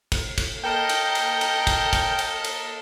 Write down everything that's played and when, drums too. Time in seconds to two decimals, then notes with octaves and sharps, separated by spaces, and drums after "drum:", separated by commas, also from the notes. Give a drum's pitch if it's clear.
0.12 drum: kick, cymbal
0.38 drum: kick, cymbal
0.64 A#3 A4 A#4 D#5 G5
0.89 drum: cymbal
1.15 drum: cymbal
1.41 drum: cymbal
1.67 drum: kick, cymbal
1.93 drum: kick, cymbal
2.19 drum: cymbal
2.44 drum: cymbal